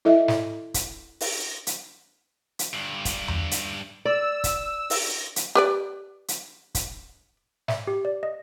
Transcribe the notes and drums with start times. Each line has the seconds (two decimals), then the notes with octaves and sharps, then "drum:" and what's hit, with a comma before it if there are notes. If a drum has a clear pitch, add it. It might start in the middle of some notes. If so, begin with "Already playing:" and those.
0.05 E4 A4 D#5 E5
0.28 drum: snare
0.74 drum: kick, hi-hat
1.20 drum: open hi-hat
1.67 drum: hi-hat
2.59 drum: hi-hat
2.74 G2 D3
3.05 drum: kick, hi-hat
3.28 drum: tom E2
3.51 drum: hi-hat
4.05 D5 E6
4.44 drum: kick, hi-hat
4.90 drum: open hi-hat
5.36 drum: hi-hat
5.55 G4 B4 D5
6.28 drum: hi-hat
6.75 drum: kick, hi-hat
7.68 E5, drum: snare
7.87 G4
8.05 D5
8.23 D#5